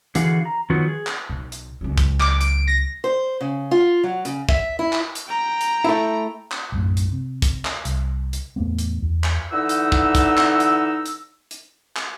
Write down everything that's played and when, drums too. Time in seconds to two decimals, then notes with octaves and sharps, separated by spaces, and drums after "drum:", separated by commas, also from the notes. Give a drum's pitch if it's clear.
0.15 D3 E3 F#4 G#4 F5, drum: hi-hat
0.45 A#5
0.70 D#3 F3 F#3 B3 F#4
0.88 G#4
1.07 drum: clap
1.30 B1
1.52 drum: hi-hat
1.81 C#2 F#3
1.98 drum: kick, hi-hat
2.20 D6, drum: clap
2.41 D7, drum: hi-hat
2.68 A#6
3.04 C5
3.41 C#3
3.71 F4
4.04 F#3
4.25 C#3, drum: hi-hat
4.49 E5, drum: kick
4.79 E4
4.93 drum: clap
5.15 drum: hi-hat
5.28 G5 A#5
5.61 drum: hi-hat
5.84 A3 E4
6.52 drum: clap
6.72 B1 F#2 A2
6.97 drum: hi-hat
7.12 C3
7.42 drum: kick, hi-hat
7.65 drum: clap
7.85 C2, drum: hi-hat
8.33 drum: hi-hat
8.56 A1 E2 A3 B3
8.79 drum: hi-hat
9.02 E2
9.24 drum: clap
9.51 D3 E3 D#4 F#5 E6
9.69 drum: hi-hat
9.92 drum: kick
10.15 drum: kick, hi-hat
10.37 drum: clap
10.60 drum: hi-hat
11.06 drum: hi-hat
11.51 drum: hi-hat
11.96 drum: clap